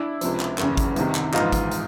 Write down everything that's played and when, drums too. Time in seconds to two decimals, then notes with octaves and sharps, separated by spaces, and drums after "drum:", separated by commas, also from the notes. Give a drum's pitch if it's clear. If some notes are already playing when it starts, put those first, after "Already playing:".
Already playing: D4 E4
0.21 C#2 C3 F3, drum: hi-hat
0.40 drum: clap
0.58 F#1 E2 C#3, drum: clap
0.77 drum: kick G#1, hi-hat
0.96 C2 C3 D#3, drum: hi-hat
1.15 drum: clap
1.33 A#1 G#2 E3 D#4 F4, drum: clap
1.52 drum: kick G#1, hi-hat
1.71 drum: hi-hat